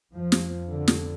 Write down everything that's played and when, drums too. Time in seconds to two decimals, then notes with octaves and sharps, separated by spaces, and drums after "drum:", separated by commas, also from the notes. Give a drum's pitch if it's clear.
0.13 F2 F3
0.32 drum: snare
0.69 D3
0.88 drum: snare